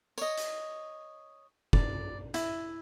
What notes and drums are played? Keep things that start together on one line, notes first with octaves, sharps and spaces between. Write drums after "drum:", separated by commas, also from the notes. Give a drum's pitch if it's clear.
C#5 D#5, drum: tambourine
drum: hi-hat
D5, drum: kick
E4, drum: hi-hat